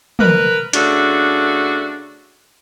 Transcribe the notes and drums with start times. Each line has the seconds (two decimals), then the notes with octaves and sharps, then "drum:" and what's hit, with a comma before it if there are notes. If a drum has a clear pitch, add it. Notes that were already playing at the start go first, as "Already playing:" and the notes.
0.19 A#4 B4, drum: tom
0.73 C#3 A3 D4 F#4, drum: hi-hat